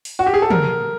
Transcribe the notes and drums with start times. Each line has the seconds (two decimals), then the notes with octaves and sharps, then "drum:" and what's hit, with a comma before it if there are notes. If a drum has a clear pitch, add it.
0.05 drum: open hi-hat
0.19 F#4
0.26 G4
0.34 G#4
0.42 A4
0.50 A#4, drum: tom